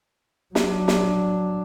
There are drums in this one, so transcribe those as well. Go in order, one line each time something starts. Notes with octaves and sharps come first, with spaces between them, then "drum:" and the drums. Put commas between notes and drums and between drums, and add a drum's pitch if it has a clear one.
F#3 D4, drum: snare
drum: snare